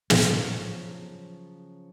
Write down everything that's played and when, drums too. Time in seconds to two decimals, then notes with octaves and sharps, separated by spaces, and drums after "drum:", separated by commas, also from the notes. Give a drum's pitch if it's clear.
0.10 C#3 F3 F#3, drum: snare